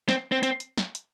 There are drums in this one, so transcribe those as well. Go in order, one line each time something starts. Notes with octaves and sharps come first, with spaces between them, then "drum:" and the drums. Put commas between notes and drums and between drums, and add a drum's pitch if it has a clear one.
C4, drum: snare
C4
C4, drum: hi-hat
drum: hi-hat
drum: snare
drum: hi-hat